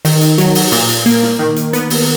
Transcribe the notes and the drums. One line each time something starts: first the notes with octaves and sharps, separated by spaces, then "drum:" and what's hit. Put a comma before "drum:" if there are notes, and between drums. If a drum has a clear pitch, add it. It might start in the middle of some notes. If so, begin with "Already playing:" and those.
D#3, drum: open hi-hat
drum: hi-hat
F#3, drum: hi-hat
drum: open hi-hat
A#2, drum: open hi-hat
drum: hi-hat
A#3, drum: hi-hat
drum: snare
D#3
drum: hi-hat
B3, drum: hi-hat
drum: open hi-hat